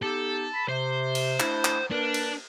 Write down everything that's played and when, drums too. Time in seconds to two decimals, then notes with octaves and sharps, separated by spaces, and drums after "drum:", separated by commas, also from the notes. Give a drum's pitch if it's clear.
0.02 B3 D#4 G4 A4
0.54 B5
0.69 C3 C5
1.15 drum: cymbal
1.40 A3 D4 E4, drum: clap
1.65 drum: clap
1.91 A#3 D4 A#4 B4
2.14 drum: cymbal